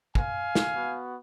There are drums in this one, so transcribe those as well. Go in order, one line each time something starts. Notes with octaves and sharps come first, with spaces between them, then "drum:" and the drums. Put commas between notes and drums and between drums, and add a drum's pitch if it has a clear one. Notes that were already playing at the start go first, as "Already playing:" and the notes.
F5 G#5, drum: kick
drum: snare
B3 F#4